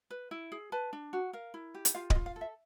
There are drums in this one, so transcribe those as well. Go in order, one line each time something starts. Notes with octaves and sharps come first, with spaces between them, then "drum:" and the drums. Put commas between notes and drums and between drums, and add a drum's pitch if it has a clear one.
B4
E4
G#4
B4 A5
D4
F#4
A#4 F5
E4
G4
drum: hi-hat
F4 F5
D#5, drum: kick D1
F4
F5
A4
E5